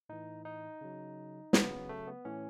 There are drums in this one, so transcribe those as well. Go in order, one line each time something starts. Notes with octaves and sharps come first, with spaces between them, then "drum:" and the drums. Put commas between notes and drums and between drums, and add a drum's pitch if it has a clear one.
A2 E3 D#4
D#4
C#3 F#3
C#3 F#3 B3, drum: snare
A3
B3
A2 E3 C#4